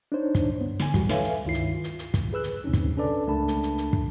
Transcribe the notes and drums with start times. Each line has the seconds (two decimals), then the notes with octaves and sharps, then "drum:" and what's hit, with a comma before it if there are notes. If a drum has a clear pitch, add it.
0.12 D4 D#4 C5 C#5
0.35 drum: kick, hi-hat
0.58 G2 B3
0.79 D3 G#5, drum: snare
0.94 E3 G3 F#4, drum: kick, hi-hat
1.09 A4 B4 C#5 E5 F5 G#5, drum: snare
1.24 drum: hi-hat
1.45 C#2 G2 D#3 E4 F4 C7
1.54 drum: hi-hat
1.75 F4
1.84 drum: hi-hat
1.99 drum: hi-hat
2.14 drum: kick, hi-hat
2.33 G#4 B4 E6 F#6
2.44 drum: hi-hat
2.64 D#2 C3 C4 C#4 D#4
2.73 drum: kick, hi-hat
2.97 C#4 D4 A4 B4 D5 A5
3.27 C#2 A3 D4 A#4 A5 B5
3.48 drum: hi-hat
3.63 drum: hi-hat
3.78 drum: hi-hat
3.93 drum: kick